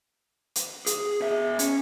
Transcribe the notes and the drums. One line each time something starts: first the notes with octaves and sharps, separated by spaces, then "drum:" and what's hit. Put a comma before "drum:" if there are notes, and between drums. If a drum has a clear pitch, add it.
drum: hi-hat
G#4, drum: hi-hat
B2 E5
C#4, drum: hi-hat